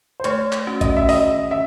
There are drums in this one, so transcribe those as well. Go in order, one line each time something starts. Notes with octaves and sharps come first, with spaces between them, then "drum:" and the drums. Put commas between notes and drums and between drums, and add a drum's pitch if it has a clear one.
C5
A3 C#5, drum: hi-hat
drum: clap
C#4 F#4
D#5, drum: kick, hi-hat
E5
D#3 D#5, drum: open hi-hat
C#4 E5